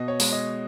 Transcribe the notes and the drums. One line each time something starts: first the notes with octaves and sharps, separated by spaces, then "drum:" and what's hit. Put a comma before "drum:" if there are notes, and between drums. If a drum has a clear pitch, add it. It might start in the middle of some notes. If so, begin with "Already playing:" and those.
Already playing: B2 D#5
C#5
G#3, drum: open hi-hat
D#5